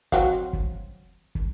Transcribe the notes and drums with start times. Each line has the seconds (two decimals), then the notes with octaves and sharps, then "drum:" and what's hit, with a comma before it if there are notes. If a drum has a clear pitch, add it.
0.12 F#3 C4 F5, drum: kick
0.53 drum: kick
1.35 drum: kick